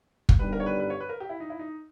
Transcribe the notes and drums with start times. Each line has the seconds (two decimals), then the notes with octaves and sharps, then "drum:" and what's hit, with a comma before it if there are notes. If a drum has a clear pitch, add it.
0.29 drum: kick
0.39 G1 G2 D#3 G3 B4
0.52 A#4
0.60 C#5
0.66 B4
0.80 B4
0.90 C#5
1.00 B4
1.09 A#4
1.20 G4
1.29 E4
1.40 D#4
1.50 E4
1.59 D#4